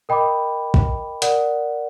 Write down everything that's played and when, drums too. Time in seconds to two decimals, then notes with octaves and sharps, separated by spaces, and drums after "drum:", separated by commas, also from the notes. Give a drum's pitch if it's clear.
0.09 A#4 D#5 G5 B5 D6
0.74 drum: kick
1.22 A#4 D5 F#5, drum: hi-hat